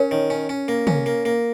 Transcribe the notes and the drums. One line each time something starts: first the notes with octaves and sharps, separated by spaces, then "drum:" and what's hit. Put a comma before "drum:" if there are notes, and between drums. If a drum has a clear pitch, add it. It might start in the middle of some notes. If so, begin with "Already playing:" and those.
Already playing: C#4 A#4 C#5
D#3
C#4
C#4
A#3
C#4, drum: tom
A#3
A#3